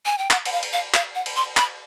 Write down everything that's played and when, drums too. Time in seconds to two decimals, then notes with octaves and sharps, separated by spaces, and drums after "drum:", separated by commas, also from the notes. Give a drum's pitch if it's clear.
0.06 G#5
0.18 G5
0.31 F#5, drum: clap
0.45 F#5, drum: cymbal
0.52 F5
0.63 drum: cymbal
0.73 F5
0.94 F5, drum: clap
1.15 F#5
1.26 drum: cymbal
1.36 C6
1.57 B5, drum: clap